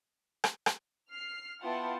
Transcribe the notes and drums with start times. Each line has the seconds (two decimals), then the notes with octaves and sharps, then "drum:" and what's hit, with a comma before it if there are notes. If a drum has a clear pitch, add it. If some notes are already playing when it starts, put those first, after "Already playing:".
0.44 drum: rim click
0.66 drum: rim click
1.11 F6 C7
1.61 B3 E4 F4 F#5 G5 A5